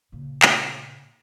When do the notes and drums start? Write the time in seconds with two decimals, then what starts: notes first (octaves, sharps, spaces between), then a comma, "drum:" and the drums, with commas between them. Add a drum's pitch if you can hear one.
0.12 A#2 C#3
0.42 drum: clap